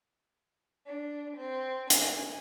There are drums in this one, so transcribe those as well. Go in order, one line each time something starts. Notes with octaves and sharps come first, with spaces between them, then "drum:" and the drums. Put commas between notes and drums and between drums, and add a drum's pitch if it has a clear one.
D4
C4
G#5, drum: hi-hat